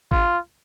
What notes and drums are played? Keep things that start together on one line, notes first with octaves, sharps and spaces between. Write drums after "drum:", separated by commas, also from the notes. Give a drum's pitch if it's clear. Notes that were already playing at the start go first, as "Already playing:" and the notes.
F4, drum: kick G#1